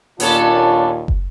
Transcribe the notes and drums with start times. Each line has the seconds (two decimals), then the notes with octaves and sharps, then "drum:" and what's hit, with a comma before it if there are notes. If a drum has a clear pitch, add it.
0.20 D#2 A#2 B3 C#4 D4 F4 A4, drum: open hi-hat
1.08 drum: kick